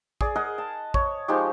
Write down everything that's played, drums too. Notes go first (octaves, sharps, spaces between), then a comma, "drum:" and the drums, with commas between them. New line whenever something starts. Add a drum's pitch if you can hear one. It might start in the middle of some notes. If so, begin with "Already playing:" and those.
G#4 D5, drum: kick
G#4 A#4 D#5 F#5
A5
C#5, drum: kick
F3 G#3 D#4 G4